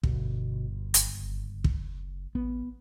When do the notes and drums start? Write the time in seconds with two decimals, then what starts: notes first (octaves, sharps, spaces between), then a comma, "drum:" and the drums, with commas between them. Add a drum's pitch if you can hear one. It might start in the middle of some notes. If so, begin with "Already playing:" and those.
0.03 G1 B2, drum: kick
0.94 F#1, drum: hi-hat
1.64 drum: kick
2.35 A1 B3